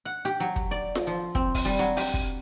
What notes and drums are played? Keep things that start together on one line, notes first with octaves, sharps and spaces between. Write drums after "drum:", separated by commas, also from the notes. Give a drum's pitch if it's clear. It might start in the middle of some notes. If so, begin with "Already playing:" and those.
F#5
G4
F#3
drum: kick, hi-hat
D5
drum: snare F4
F3
C4, drum: kick, hi-hat
drum: kick, open hi-hat
G3
F#3
G4, drum: open hi-hat
drum: kick, hi-hat